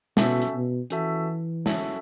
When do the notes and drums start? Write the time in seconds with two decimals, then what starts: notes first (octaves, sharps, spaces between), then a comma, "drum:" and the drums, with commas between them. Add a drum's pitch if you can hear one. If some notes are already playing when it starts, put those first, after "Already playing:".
0.17 B2 C#4 F#4 A4 E5 A5, drum: snare
0.42 drum: hi-hat
0.54 B2
0.90 E3 C#4 F#4 A4 E5 A5, drum: hi-hat
1.66 C#4 F#4 A4 E5 A5, drum: snare